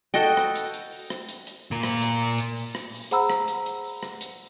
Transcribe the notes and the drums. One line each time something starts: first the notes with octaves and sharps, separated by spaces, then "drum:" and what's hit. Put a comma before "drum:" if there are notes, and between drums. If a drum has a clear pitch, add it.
F#4 A4 D#5 G5
drum: rim click
drum: hi-hat
drum: hi-hat
drum: open hi-hat
drum: rim click
drum: hi-hat
drum: hi-hat
A#2 A#4
drum: rim click
drum: hi-hat
drum: hi-hat
drum: open hi-hat
drum: rim click
drum: open hi-hat
G#4 C5 F#5 A#5 B5 E6, drum: hi-hat
drum: rim click
drum: hi-hat
drum: hi-hat
drum: open hi-hat
drum: rim click
drum: hi-hat